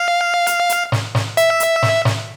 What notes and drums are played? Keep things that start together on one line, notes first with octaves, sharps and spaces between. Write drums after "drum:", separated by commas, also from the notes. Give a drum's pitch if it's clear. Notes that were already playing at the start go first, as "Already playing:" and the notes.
Already playing: F5
drum: hi-hat
drum: hi-hat
drum: snare
drum: snare
E5, drum: hi-hat
drum: hi-hat
drum: snare
drum: snare